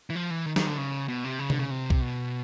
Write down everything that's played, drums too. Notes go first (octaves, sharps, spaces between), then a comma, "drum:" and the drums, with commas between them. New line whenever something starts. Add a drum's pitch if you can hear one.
E3
F3
E3
D#3
D#3, drum: snare
D3
C#3
B2
C3
C#3
D3, drum: tom C3
C#3
C3
drum: kick B1
B2